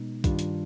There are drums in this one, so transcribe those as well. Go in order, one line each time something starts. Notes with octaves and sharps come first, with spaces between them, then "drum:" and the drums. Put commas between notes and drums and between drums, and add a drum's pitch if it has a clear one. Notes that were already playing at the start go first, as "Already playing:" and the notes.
Already playing: B2 G#3 B3 D#4
G2 D#3 G3 D4 F4, drum: kick B1, hi-hat
drum: hi-hat